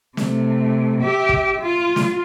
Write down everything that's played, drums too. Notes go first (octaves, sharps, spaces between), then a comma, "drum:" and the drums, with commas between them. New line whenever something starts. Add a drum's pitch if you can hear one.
C3 A3, drum: snare
G4 E5
drum: kick
F4
drum: snare